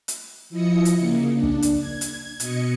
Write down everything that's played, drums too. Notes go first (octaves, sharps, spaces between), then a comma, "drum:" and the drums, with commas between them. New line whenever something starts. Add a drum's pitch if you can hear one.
drum: hi-hat
F3 E4 D#5 D#6 C#7
drum: hi-hat
C#3 A#3
D4
drum: kick
drum: hi-hat
G#6
drum: hi-hat
B2 D#5 C#7, drum: hi-hat